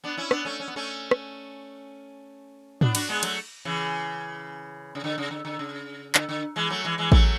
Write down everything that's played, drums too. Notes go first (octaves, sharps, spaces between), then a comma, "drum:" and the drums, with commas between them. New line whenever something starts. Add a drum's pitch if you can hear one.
B3 D4
C#4 E4
B3 D4, drum: rim click
A3 C#4
C#4
B3
A3 C#4
drum: rim click
B3 D4, drum: tom
D4 F#4, drum: cymbal
G#3 B3
F#3 A3, drum: cymbal
C#3 E3
C#3
D3
C#3
D3
D3
C#3
D3, drum: clap
D3
E3 G#3
F#3 A3
E3 G#3
E3 G#3
F#3 A3, drum: kick A1